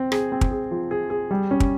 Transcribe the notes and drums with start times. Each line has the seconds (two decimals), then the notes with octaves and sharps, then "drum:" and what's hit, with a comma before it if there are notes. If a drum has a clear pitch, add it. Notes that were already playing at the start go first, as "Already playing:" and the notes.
Already playing: C4
0.12 G#4, drum: rim click
0.32 C4
0.41 drum: kick
0.51 G#4
0.71 F3
0.91 G#4
1.10 G#4
1.31 G3
1.51 C#4
1.60 drum: kick